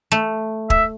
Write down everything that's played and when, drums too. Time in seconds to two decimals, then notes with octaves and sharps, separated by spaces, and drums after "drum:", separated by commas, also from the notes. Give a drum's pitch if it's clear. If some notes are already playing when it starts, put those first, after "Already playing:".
0.12 A3
0.70 E5, drum: kick